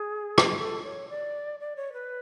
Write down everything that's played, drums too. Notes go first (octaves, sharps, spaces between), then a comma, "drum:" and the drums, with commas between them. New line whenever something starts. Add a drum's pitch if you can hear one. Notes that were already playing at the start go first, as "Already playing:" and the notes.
Already playing: G#4
drum: rim click
G#4
A4
C#5
D5
D5
C#5
B4